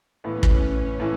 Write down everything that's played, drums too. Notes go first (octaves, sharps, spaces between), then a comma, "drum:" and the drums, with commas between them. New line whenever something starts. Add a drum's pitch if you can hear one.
A2 E3 B3 C#4
drum: kick
A2 E3